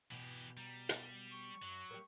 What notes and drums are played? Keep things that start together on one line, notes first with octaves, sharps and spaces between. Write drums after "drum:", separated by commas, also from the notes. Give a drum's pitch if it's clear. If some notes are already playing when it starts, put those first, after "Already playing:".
B2 E3 G4
G3 A#5
drum: hi-hat
C#6
F#2 F#3
A#3 C#4 G4